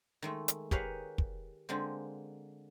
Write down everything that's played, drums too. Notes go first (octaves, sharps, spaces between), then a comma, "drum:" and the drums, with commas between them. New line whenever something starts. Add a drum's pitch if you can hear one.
D#3 G#3 A3
drum: hi-hat
G4 G#4 A#4 B4 C#5 F5, drum: kick
drum: kick
D3 G#3 A#3 C4